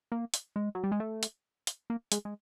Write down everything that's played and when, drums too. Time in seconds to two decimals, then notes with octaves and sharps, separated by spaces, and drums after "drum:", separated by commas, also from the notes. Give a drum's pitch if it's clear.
0.12 A#3
0.34 drum: hi-hat
0.56 G#3
0.75 F#3
0.84 G3
0.92 G#3
1.00 A3
1.23 drum: hi-hat
1.67 drum: hi-hat
1.90 A#3
2.12 G#3, drum: hi-hat
2.25 G#3